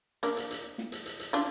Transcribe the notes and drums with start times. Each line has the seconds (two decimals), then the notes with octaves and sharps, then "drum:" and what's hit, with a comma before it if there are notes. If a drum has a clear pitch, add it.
0.23 A#3 D4, drum: hi-hat
0.37 drum: hi-hat
0.51 drum: hi-hat
0.78 drum: snare
0.92 drum: hi-hat
1.06 drum: hi-hat
1.20 drum: hi-hat
1.33 D4 F4, drum: hi-hat